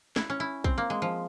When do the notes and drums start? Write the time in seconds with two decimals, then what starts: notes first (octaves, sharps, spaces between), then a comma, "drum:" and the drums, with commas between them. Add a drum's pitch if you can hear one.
0.16 E4, drum: snare
0.30 C#4
0.40 E4
0.64 C4, drum: kick B1
0.78 A#3
0.90 G#3
1.02 F3